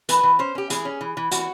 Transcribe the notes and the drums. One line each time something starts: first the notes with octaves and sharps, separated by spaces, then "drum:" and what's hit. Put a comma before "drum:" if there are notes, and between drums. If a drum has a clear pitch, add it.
E3 B4, drum: hi-hat
E3
C#4 C5
C#4 G4
E3 G#4, drum: hi-hat
C#4
E3
E3
E3 F#4, drum: hi-hat